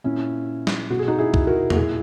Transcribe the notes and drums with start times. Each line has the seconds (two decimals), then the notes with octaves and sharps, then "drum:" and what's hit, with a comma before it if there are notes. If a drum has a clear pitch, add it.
0.04 A#2 C#4 E4
0.67 drum: snare
0.90 B2 F#4
0.99 G#4
1.08 D#4 F#4
1.19 E4 G#4
1.34 drum: kick
1.47 F#4 A#4
1.70 F#4, drum: tom E2
1.76 A#2 E4 G#4